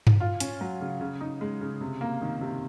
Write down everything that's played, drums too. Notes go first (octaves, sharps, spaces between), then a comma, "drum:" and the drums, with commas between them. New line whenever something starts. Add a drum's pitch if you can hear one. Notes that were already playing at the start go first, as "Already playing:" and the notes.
drum: tom G2
F4
C#4, drum: hi-hat
F#3
C#3
C#3
D#4
G#3
C#3
C3
A#3
D#3
C3